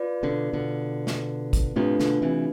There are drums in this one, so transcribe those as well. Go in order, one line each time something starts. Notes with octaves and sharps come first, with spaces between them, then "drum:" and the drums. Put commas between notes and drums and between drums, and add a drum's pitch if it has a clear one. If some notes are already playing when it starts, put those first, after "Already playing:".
Already playing: F4 B4 D5
B2 D3
B2 D3
drum: snare
drum: kick, hi-hat
A2 C3 A3 D4 F4 B4
B2 D3, drum: snare
C3 E3